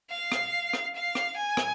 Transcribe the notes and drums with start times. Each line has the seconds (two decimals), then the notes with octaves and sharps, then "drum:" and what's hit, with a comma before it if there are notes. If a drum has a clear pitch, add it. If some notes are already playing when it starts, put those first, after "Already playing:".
0.10 F5
0.32 drum: rim click
0.73 drum: rim click
0.94 F5
1.15 drum: rim click
1.36 G#5
1.57 drum: rim click